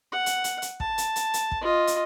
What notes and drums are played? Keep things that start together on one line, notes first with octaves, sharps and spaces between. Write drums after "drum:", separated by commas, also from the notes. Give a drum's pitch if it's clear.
F#5
drum: hi-hat
drum: hi-hat
drum: hi-hat
A5, drum: kick
drum: hi-hat
drum: hi-hat
drum: hi-hat
drum: kick
F4 D#5
drum: hi-hat